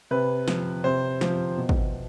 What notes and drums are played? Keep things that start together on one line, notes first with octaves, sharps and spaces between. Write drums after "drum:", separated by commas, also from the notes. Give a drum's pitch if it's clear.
C3 B4
F3, drum: snare
C3 C5
F3, drum: snare
B2
drum: kick